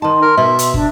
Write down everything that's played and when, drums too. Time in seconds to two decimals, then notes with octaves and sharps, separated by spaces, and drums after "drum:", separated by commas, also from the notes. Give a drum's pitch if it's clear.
0.02 D#3 D#4 A5 C6
0.22 A#4
0.37 B2 E5
0.59 drum: hi-hat
0.74 D4, drum: kick